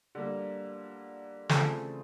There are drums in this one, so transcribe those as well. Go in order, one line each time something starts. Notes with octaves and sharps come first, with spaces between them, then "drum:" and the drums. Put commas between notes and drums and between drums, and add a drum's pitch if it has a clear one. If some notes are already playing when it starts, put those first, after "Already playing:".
D3 G3 A#3
C#3 E3 A3 C4 F4 A4, drum: snare